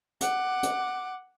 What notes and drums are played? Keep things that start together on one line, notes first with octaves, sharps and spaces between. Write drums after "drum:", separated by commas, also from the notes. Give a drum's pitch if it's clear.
F#5 D6, drum: hi-hat
drum: hi-hat